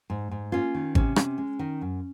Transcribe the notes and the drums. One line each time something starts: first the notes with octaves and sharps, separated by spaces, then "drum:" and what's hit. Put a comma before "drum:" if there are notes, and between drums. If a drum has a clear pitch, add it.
G#2
G#2
A#3 C#4 F4
D#3
C3 C#4, drum: kick G#1
C3, drum: rim click
G#3
D#3
F#2